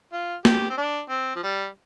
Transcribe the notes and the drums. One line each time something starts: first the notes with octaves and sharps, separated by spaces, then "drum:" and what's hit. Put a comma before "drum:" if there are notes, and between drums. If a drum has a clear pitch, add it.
F4
G4, drum: snare
C4
D4
C4
F3
G3